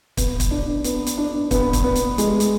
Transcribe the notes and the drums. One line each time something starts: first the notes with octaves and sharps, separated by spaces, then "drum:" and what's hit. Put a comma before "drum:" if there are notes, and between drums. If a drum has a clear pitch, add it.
B3, drum: kick, hi-hat
drum: kick, hi-hat
D4
B3, drum: hi-hat
drum: hi-hat
D4
B3, drum: kick, hi-hat
drum: kick, hi-hat
B3
drum: hi-hat
G#3, drum: hi-hat
drum: hi-hat